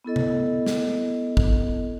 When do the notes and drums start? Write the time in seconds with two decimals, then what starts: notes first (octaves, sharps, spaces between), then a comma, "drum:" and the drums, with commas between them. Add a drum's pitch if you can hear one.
0.05 B3 E4 A4 D#5
0.16 drum: tom C3
0.66 drum: snare
1.37 drum: kick